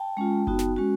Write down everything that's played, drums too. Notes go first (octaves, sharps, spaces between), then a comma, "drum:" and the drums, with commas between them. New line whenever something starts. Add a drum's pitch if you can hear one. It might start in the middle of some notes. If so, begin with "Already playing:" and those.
Already playing: G5 A5
G#3 C#4 F4
B3 D#4 F#4, drum: kick F#1
drum: snare
G#3 C#4 F#4